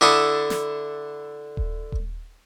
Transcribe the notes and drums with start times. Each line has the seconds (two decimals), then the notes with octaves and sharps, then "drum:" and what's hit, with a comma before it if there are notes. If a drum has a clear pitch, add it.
0.01 D3 D4 E4 A4 D#6
0.50 drum: snare
1.57 drum: kick D#1
1.92 drum: kick D#1